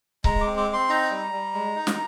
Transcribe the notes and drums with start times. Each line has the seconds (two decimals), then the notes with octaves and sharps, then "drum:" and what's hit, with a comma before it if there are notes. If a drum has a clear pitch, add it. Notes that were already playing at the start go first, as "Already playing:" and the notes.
0.24 G#3 A#5, drum: kick C#1
0.41 D6
0.46 C4
0.57 D6
0.68 C4 C6
0.89 D#4 A#5
1.11 G3
1.33 G3
1.54 G#3
1.75 D#4
1.87 drum: snare